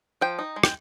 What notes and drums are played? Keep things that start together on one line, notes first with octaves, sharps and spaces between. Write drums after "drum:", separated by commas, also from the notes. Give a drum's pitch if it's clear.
F3 G5
D#4
G#3
G5, drum: rim click